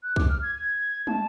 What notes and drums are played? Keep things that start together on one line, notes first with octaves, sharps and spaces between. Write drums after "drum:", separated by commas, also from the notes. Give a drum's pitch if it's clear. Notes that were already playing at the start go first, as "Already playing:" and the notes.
F#6
D6, drum: kick
F6
G#6
G#6
A5, drum: tom